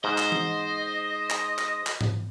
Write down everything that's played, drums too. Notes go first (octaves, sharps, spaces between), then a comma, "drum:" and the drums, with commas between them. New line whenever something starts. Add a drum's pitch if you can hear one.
G#2 C5 D#5
drum: clap
drum: tom E3
drum: clap
drum: clap
drum: clap
drum: tom G#2